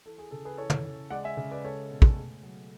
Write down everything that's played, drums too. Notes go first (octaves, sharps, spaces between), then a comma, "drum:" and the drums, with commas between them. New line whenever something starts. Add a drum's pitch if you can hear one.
E3 A4
G#4
C#3 A4
G#4 B4
E3 A4 C#5
drum: tom
C#3
G#3 D5 F#5
E5 G#5
C#3
B4 D5
G#3 A4 C#5
B2
drum: kick
A3
F#3